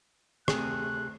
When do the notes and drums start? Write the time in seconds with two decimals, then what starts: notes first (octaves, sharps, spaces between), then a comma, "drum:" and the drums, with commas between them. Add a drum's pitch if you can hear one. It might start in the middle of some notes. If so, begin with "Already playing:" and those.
0.48 C3 A3 G#4 F#6, drum: rim click